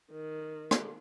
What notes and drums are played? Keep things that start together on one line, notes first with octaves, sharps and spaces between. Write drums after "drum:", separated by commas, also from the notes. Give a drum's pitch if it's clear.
D#3
drum: rim click